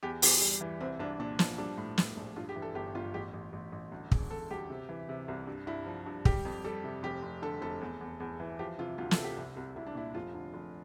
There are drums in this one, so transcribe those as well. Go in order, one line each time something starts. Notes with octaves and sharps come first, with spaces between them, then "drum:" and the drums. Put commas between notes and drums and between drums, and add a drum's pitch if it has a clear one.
E2 G4
E2 G4, drum: open hi-hat
G3
E3
C2 C4
C2 D4
A#2 D4
F3, drum: snare
G3 D4
A2
A2, drum: snare
A#1
G2 F4
G4
E3
A4
G1 G4
G1 F4
A1 G4
A1
A1
A1
D2
E1, drum: kick
E1 A4
D2 G4
C3
E3
C3
C2
G2
G2 E4
F3
G2
G3 G4, drum: kick
F2
G3 A4
C3
F1 G4
F1
D3 A4
F1 A4
E2
E2
E2
E3
F3 G4
C3 F4
D2 F4
A4, drum: snare
C3
G4
C2
C2
C2 E4
D4
A#2 E4
F1 F4
D3
F1